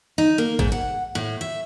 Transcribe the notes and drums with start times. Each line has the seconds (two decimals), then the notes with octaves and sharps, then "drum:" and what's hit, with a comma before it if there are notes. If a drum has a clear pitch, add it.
0.18 D#4
0.38 A#3
0.59 G#2, drum: kick G#1
0.72 F#5
1.15 A2
1.41 E5